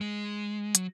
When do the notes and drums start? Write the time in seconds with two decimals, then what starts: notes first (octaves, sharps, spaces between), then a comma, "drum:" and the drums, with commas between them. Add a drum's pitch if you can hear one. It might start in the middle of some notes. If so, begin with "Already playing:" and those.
0.01 G#3
0.75 F#3, drum: hi-hat